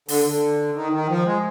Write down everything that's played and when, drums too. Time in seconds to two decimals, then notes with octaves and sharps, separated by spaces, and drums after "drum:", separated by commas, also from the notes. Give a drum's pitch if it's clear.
0.08 D3, drum: open hi-hat
0.25 D3
0.75 D#3
0.92 D#3
1.09 F3
1.25 G#3